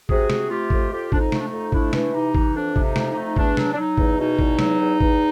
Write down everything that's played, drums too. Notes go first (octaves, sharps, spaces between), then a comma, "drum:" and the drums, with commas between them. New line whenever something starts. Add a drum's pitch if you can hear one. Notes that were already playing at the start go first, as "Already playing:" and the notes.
C3 F#4 G#4, drum: kick
C3, drum: snare
A3 F4 G4
F2, drum: kick
F2 F4 G4
F2 D4, drum: kick
D#4
A3, drum: snare
D4
D#4
F2
A3 D4 E4, drum: kick
E3, drum: snare
C3 D#4
E3, drum: kick
F2 D4
C3, drum: kick
D#4
F2, drum: snare
D#4
A3
E2 D4, drum: kick
F#3, drum: snare
D4
F#3 D#4
E2, drum: kick
B2 D#4
E2, drum: kick
F#3, drum: snare
E2
E2, drum: kick